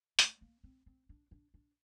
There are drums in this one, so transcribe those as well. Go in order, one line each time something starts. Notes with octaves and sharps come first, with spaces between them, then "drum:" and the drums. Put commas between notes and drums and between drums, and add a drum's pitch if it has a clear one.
A3, drum: hi-hat
A#3
C4
C4
D4
D4
D4